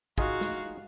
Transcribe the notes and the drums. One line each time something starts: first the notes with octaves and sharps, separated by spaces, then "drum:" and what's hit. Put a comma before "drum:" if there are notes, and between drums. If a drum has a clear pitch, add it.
D#4 F4 F#4 G#4 F5, drum: kick
drum: snare